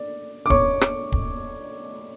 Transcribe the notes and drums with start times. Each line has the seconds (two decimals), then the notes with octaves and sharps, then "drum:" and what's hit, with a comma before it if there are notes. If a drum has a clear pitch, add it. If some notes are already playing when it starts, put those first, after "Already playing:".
Already playing: D5
0.46 D6
0.50 C#5 C#6, drum: kick
0.81 drum: rim click
1.12 drum: kick